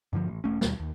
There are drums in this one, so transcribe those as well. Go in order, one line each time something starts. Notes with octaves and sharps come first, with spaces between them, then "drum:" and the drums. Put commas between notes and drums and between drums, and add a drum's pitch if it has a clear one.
G2 D3 D#3 F3
A1
E1 A3 C#4
D#2 B2 G3, drum: snare
D#2